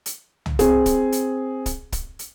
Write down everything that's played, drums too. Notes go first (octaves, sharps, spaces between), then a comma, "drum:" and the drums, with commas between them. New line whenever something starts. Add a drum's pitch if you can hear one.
drum: hi-hat
drum: tom
C4 G#4, drum: kick, hi-hat
drum: kick, hi-hat
drum: hi-hat
drum: kick, hi-hat
drum: kick, hi-hat
drum: hi-hat